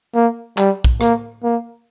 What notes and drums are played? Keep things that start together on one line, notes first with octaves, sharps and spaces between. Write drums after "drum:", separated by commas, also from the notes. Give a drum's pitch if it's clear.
A#3
G3, drum: clap
drum: kick B1
A#3, drum: rim click
A#3